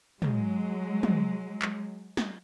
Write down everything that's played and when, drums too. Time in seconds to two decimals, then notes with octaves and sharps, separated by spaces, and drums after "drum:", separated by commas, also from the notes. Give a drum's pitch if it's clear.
0.22 F#3 G#3, drum: tom
1.03 drum: tom
1.62 drum: clap
2.17 drum: snare